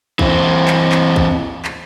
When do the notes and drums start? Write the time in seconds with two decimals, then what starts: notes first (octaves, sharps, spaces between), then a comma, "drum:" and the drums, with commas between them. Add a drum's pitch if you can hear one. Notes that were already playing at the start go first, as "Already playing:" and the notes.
0.19 E3 C4, drum: kick
0.68 drum: clap
0.92 drum: clap
1.16 drum: kick
1.65 drum: clap